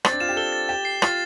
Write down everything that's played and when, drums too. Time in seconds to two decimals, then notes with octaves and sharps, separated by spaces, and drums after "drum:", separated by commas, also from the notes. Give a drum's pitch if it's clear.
0.05 C4 A6, drum: rim click
0.12 D4
0.20 F4 E7
0.29 G4
0.36 A4 G7
0.52 A6
0.69 G4 E7
0.85 C7
1.02 F4 A6, drum: rim click